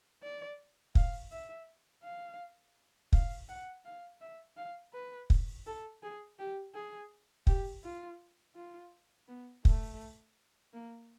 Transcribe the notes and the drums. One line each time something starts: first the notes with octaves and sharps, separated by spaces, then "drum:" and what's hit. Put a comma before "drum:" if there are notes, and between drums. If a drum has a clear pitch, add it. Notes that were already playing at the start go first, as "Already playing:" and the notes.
D5
F5, drum: kick
E5
F5
F5, drum: kick
F#5
F5
E5
F5
B4
drum: kick
A4
G#4
G4
G#4
G4, drum: kick
F4
F4
B3
A3, drum: kick
A#3